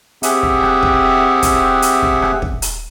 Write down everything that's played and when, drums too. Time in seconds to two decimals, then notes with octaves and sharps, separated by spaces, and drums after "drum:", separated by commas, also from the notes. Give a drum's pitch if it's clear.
0.23 C4 G4 G#4 E5 F#5, drum: hi-hat
0.43 drum: kick
0.63 drum: rim click
0.83 drum: kick
1.42 drum: kick, hi-hat
1.82 drum: hi-hat
2.02 drum: kick
2.22 drum: rim click
2.42 drum: kick
2.62 drum: hi-hat